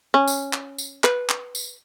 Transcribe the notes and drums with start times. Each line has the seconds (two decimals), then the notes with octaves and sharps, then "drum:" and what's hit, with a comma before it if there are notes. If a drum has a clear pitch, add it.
0.14 C#4
0.28 drum: tambourine
0.53 drum: clap
0.78 drum: tambourine
1.04 B4, drum: clap
1.29 drum: clap
1.55 drum: tambourine